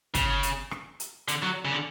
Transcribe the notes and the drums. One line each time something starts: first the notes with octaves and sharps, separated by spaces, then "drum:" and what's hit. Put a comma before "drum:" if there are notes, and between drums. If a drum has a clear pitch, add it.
C#3, drum: kick, hi-hat
drum: hi-hat
drum: rim click
drum: hi-hat
D3, drum: hi-hat
F#3
C#3
D3